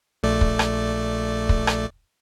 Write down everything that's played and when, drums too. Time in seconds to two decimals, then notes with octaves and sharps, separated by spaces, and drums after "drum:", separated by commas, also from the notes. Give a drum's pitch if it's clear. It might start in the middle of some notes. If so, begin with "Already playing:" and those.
0.23 A#1 A3 D5
0.41 drum: kick
0.59 drum: rim click
1.49 drum: kick
1.67 drum: rim click